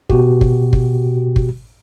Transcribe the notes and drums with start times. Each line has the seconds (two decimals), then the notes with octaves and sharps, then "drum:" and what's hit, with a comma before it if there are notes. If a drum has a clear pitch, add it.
0.10 B2 F#4 G4, drum: kick
0.41 drum: kick
0.73 drum: kick
1.36 drum: kick